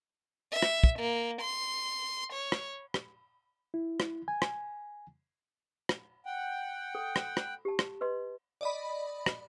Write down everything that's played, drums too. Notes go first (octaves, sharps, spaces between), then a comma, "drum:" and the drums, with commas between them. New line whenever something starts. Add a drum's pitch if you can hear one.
E5
drum: rim click
drum: kick
A#3
C6
C#5
drum: rim click
drum: rim click
E4
drum: rim click
G#5
drum: rim click
drum: rim click
F#5 G5
A4
drum: rim click
drum: rim click
G4 A5
drum: rim click
B4 D#5 C6
D5 D#5 B5
drum: rim click